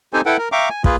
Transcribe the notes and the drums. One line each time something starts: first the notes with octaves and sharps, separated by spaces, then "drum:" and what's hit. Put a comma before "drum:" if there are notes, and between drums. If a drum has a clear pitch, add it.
C4 D#4 G4 A4 C5 G#5
E4 A4 B4 F#5 G5
A#4
E5 F5 G5 A#5 C#6 D6
G#5
A#3 F4 G#4 B4, drum: kick